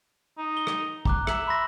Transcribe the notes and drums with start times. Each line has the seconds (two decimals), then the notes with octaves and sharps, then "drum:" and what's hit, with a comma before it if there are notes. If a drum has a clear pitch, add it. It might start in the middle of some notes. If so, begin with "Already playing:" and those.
0.38 D#4
0.57 G7
0.67 drum: rim click
1.05 A#5 D6 F#6, drum: kick
1.27 E5 A#5 F#7, drum: rim click
1.47 B5 C6 A#6